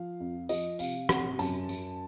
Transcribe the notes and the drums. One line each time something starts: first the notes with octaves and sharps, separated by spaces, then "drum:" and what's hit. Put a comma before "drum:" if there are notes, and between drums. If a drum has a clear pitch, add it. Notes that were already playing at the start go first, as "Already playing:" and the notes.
Already playing: F3 F5
F2
F3 D#5, drum: tambourine
C3 F5, drum: tambourine
C3 F#5, drum: rim click
F#2 A5, drum: tambourine
F#2, drum: tambourine